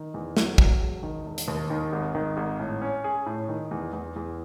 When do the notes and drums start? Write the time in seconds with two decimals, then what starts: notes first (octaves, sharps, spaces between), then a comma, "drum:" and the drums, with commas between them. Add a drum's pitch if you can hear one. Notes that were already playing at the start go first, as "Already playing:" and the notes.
Already playing: D#3
0.14 E2
0.37 F#3, drum: snare
0.58 F#3, drum: kick
0.81 E1
1.03 D#3
1.26 E1
1.38 drum: hi-hat
1.48 D#2
1.70 D#3
1.93 G#1
2.15 D#3
2.37 G#1
2.60 A2
2.82 C#4
3.04 G#4
3.26 A2
3.49 D#3
3.71 E2
3.93 E2
4.16 E2